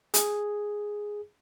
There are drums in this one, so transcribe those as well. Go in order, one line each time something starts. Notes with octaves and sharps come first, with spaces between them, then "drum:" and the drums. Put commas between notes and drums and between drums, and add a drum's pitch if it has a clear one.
G#4, drum: hi-hat